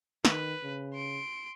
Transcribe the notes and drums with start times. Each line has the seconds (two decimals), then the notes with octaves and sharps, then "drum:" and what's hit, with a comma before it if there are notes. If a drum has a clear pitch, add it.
0.25 D#3 B4, drum: snare
0.63 C#3
0.94 C6 D7